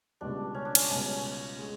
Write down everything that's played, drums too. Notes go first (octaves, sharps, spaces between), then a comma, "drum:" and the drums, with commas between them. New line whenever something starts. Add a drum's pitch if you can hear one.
C#2 B2 G3 D4
C#4
D4
C#4, drum: cymbal
C#2 B2 G3 C#4
G#3